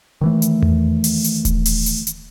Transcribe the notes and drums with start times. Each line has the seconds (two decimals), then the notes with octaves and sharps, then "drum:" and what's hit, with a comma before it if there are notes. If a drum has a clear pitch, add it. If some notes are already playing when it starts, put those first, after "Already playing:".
0.21 D#3 E3 A3
0.42 drum: hi-hat
0.63 drum: tom E2
1.04 drum: open hi-hat
1.24 drum: hi-hat
1.45 drum: kick D#1, hi-hat
1.65 drum: open hi-hat
1.86 drum: hi-hat
2.07 drum: hi-hat